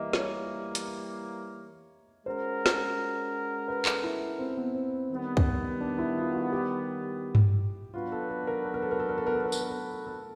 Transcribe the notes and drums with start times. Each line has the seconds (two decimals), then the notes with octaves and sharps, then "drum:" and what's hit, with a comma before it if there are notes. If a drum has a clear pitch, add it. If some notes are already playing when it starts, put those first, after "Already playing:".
Already playing: E3 G3 A#3 D#5 E5
0.13 C#5, drum: snare
0.75 drum: hi-hat
2.26 G#3 C#4 F#4 A#4 C5
2.66 drum: snare
3.68 B4
3.85 A4, drum: clap
4.03 E4
4.39 C4
4.57 B3
4.75 C4
5.10 D#3 G3 B3
5.37 drum: kick
5.81 D4
5.99 E4
6.17 F4
6.35 F#4
6.52 G4
7.35 drum: tom G2
7.94 F#3 B3 D4 F4 F#4 B4
8.12 A4
8.30 A4
8.47 A#4
8.65 A4
8.74 A#4
8.82 A4
8.91 A#4
9.00 A4
9.09 A#4
9.18 A4
9.27 A#4
9.35 A4
9.44 A#4
9.52 A4, drum: tambourine
9.61 A#4
9.70 A4
10.07 A4